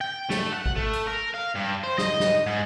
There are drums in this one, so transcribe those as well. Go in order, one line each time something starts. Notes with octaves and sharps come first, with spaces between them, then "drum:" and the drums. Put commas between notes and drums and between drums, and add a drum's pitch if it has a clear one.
G5
A3, drum: snare
F#5
drum: kick G#1
A3
drum: hi-hat
A#4
F5
G2
C5
D#5, drum: snare
drum: snare
G#2